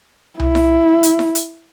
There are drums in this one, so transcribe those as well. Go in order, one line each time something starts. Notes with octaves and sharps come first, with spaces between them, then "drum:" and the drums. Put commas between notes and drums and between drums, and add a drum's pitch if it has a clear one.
E4, drum: tom C2
drum: snare E4
drum: hi-hat
drum: snare E4
drum: hi-hat